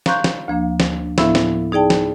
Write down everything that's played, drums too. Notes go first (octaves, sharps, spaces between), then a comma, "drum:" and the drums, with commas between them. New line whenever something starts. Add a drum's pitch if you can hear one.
F5 A#5 C6 C#6 F#6 G6, drum: snare
drum: snare
D2 F3 A#3 D4
drum: snare
A2 F3 B3 E4 E5, drum: snare
drum: snare
D#4 G#4 D5 G5 A5
drum: snare